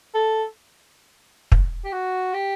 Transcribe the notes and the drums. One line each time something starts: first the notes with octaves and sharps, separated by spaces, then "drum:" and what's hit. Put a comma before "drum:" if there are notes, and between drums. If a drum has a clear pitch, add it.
A4
drum: kick
G4
F#4
G4